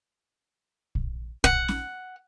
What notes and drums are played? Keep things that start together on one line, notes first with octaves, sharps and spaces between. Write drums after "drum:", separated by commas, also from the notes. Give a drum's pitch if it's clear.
drum: kick A#1
F#5, drum: kick A#1
drum: snare C#4